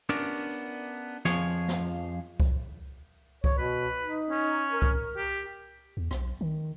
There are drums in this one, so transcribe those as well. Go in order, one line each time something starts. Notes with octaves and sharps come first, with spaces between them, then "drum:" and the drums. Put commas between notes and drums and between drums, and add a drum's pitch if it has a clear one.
B3 C#4 D4 A#4, drum: cymbal
F2 F3 G#4 C#5, drum: snare
drum: snare
drum: kick C2
C#5, drum: kick C2
B2 B4
D#4
C#4
A#4
drum: kick C2
G4
E2
B1, drum: rim click
D#3